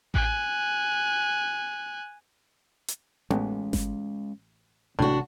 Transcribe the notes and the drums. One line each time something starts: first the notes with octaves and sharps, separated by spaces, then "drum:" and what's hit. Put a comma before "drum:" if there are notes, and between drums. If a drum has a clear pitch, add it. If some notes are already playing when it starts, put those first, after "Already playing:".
G#5 F#6, drum: kick A1
drum: hi-hat
A1 G#3 C#4, drum: tom B3
drum: snare G1
A1 A2 C3 A3 D4 F#4